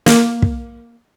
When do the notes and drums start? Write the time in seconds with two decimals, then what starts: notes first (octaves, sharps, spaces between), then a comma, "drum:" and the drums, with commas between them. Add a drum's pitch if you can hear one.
0.06 A#3, drum: snare
0.42 drum: kick